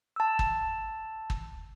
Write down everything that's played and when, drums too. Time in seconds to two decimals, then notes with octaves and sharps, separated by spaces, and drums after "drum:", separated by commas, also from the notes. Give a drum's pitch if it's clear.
0.16 A5 E6
0.39 drum: kick
1.30 drum: kick